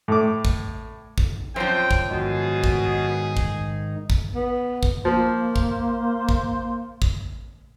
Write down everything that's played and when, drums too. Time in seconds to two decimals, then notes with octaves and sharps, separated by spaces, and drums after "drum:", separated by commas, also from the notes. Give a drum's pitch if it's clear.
0.08 A2 D6
0.45 drum: kick
1.18 drum: kick
1.56 F#2 F3 C4 G5
1.91 drum: kick
2.11 G#2 B2 D#3 D#4 G#4
2.64 drum: kick
3.37 drum: kick
4.10 drum: kick
4.35 B3
4.83 drum: kick
5.05 F3 A#3 C5
5.56 drum: kick
6.29 drum: kick
7.02 drum: kick